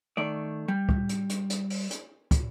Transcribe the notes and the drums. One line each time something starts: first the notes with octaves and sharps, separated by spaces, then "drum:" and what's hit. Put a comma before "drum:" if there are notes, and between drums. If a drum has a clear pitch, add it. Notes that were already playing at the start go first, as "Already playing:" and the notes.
D#3 A3 D5
G3
drum: kick
drum: hi-hat
drum: hi-hat
drum: hi-hat
drum: open hi-hat
drum: hi-hat
drum: kick, hi-hat